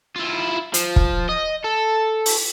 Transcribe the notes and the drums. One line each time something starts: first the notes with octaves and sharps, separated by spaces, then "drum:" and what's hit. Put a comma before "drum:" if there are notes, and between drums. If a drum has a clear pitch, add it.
E4 F4
F3, drum: hi-hat
drum: kick
D#5
A4
drum: open hi-hat